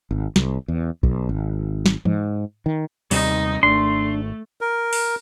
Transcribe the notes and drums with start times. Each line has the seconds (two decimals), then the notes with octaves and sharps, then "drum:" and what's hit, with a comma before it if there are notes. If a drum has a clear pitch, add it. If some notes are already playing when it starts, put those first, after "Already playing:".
0.11 G#1
0.36 C2, drum: snare
0.68 E2
1.03 B1, drum: kick B1
1.29 G#1
1.86 drum: snare
2.05 G#2, drum: tom E3
2.66 D#3
3.11 D#2 C3 G3 D#4, drum: open hi-hat
3.63 G#1 A3 D4 C6
4.61 A#4
4.93 drum: open hi-hat